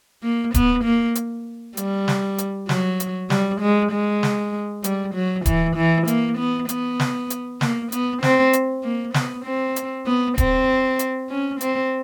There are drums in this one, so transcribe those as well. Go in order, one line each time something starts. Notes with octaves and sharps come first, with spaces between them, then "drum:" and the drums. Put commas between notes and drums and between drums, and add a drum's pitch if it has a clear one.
A#3
B3, drum: kick D1, hi-hat
A#3
drum: hi-hat
G3, drum: hi-hat
drum: snare
drum: hi-hat
F#3, drum: snare
drum: hi-hat
G3, drum: snare
G#3
G#3
drum: snare
G3, drum: hi-hat
F#3
E3, drum: kick D1, hi-hat
E3
A#3, drum: hi-hat
B3
B3, drum: hi-hat
drum: snare
drum: hi-hat
A#3, drum: snare
B3, drum: hi-hat
C4, drum: snare
drum: hi-hat
A#3
B3, drum: snare
C4
drum: hi-hat
B3
C4, drum: kick D1, hi-hat
drum: hi-hat
C#4
C4, drum: hi-hat